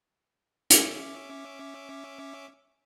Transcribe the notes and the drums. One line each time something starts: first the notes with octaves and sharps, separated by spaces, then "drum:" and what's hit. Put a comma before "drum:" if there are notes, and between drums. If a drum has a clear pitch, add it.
C#4 E5 D6, drum: hi-hat